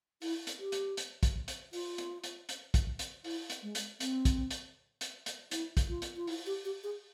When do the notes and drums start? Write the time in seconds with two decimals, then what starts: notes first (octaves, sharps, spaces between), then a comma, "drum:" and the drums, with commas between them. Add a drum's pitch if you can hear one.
0.22 E4, drum: open hi-hat
0.47 drum: hi-hat
0.60 G4
0.72 drum: hi-hat
0.97 drum: hi-hat
1.23 drum: kick, hi-hat
1.48 drum: hi-hat
1.73 F4, drum: open hi-hat
1.98 drum: hi-hat
2.24 drum: hi-hat
2.49 drum: hi-hat
2.74 drum: kick, hi-hat
2.99 drum: hi-hat
3.24 E4, drum: open hi-hat
3.50 drum: hi-hat
3.62 G#3
3.75 drum: hi-hat
4.00 C4, drum: hi-hat
4.25 drum: kick, hi-hat
4.51 drum: hi-hat
5.01 drum: hi-hat
5.26 drum: hi-hat
5.51 E4, drum: hi-hat
5.77 drum: kick, hi-hat
5.89 F4
6.02 drum: hi-hat
6.16 F4
6.27 E4, drum: open hi-hat
6.46 G4
6.65 G4
6.84 G#4